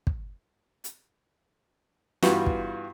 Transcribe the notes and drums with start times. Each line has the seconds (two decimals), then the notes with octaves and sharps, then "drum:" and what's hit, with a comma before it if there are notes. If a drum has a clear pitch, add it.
0.07 drum: kick
0.84 drum: hi-hat
2.22 G2 E3 G3 B3 F4 F#4, drum: snare
2.47 drum: kick